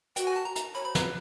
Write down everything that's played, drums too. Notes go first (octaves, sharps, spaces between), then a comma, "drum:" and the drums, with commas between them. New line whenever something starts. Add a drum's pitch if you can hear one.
F#4 G5, drum: hi-hat
G#5
A5
A#5
A#5, drum: hi-hat
C#5 B5
C5 B5
B4 A#5, drum: snare